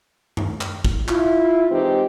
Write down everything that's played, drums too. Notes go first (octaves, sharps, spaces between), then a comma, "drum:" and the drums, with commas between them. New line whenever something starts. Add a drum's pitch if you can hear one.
drum: tom F#2
drum: clap
drum: kick
E4 F4, drum: clap
E3 G#3 C4 D#4 G4